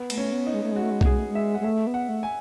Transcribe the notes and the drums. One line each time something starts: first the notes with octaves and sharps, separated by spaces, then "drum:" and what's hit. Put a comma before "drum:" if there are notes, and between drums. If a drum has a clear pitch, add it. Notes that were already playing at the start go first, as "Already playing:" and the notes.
Already playing: B3
A3, drum: cymbal
C#4
B3
D#4
G#3
A3
G#3 F#4
A3
G#3
A3, drum: kick B1
G#3 G#4
A3
G#3
E5
F#5
G#3
A3 E5
B3
F#5
A3
G#5